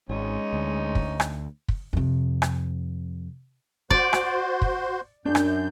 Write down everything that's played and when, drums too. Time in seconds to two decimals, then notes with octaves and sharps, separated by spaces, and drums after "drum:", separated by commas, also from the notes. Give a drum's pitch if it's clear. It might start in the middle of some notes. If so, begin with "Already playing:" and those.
0.09 G#1 G#3 C#4 D#4
0.53 D2
0.95 drum: kick
1.20 drum: rim click
1.68 drum: kick
1.93 F2 C3
2.42 drum: rim click
3.90 F#4 C5 D5 C6, drum: kick
4.13 drum: rim click
4.62 drum: kick
5.25 F#2 D4 G6
5.35 drum: rim click